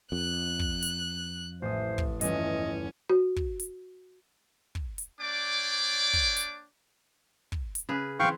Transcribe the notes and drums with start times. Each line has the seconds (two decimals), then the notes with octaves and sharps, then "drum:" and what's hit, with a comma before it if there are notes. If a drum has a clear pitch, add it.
0.12 F2 F#6
0.59 drum: kick
0.83 drum: hi-hat
1.62 A1 C5 D#6
1.98 drum: kick
2.21 G1 E2 C#4 D#5, drum: hi-hat
3.09 F#4
3.36 drum: kick
3.60 drum: hi-hat
4.75 drum: kick
4.98 drum: hi-hat
5.20 A#3 D4 C#5 D5 G5 D6
6.13 drum: kick
6.37 drum: hi-hat
7.52 drum: kick
7.75 drum: hi-hat
7.89 C#3 G#4 B4
8.20 E3 C4 F5 G5 C#6